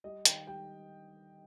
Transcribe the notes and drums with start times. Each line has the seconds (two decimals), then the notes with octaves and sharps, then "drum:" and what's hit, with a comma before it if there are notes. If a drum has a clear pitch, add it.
0.04 G3 D#5
0.25 D#3 G5, drum: hi-hat
0.47 G3 G5